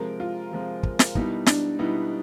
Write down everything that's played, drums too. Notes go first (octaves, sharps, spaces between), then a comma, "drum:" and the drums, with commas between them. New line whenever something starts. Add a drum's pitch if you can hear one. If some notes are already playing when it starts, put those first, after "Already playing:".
Already playing: C3 F3 G#3 A#4
F4
C3 F3 G#3
drum: kick
drum: snare
B2 G3 B3 D#4 E4, drum: kick
D4, drum: snare
B2 G3 B3 D#4 E4